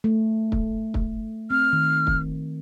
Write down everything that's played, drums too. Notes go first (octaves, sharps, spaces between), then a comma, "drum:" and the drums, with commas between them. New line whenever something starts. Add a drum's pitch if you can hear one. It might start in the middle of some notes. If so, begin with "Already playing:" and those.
A3
drum: kick
drum: kick
C4 F6
D#3
drum: kick